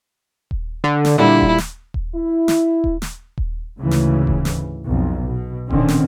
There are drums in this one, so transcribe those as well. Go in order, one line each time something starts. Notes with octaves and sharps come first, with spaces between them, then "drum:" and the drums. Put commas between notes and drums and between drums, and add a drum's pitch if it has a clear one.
drum: kick D#1
D3
drum: snare
A#2 D3 G3 E4
drum: kick D#1
drum: snare
drum: kick D#1
E4
drum: snare
drum: kick D#1
drum: snare
drum: kick D#1
D2 G#2 C#3 E3
drum: snare
drum: kick D#1
drum: snare
B1 F2
B2
A#2 D3 D#3 C4 C#4, drum: kick D#1
drum: snare